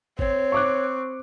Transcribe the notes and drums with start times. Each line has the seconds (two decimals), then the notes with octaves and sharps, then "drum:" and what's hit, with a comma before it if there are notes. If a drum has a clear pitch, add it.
0.19 C4 C#5, drum: kick
0.52 C#6 D6 F#6